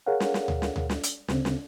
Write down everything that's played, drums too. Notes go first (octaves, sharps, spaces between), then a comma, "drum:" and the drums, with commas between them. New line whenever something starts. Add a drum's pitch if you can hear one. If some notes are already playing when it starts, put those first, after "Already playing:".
G#4 A#4 C#5 F5 F#5
drum: snare
drum: snare
drum: tom D2
drum: snare
drum: tom D2
drum: snare
drum: hi-hat
D2 C#3 C4, drum: snare
drum: snare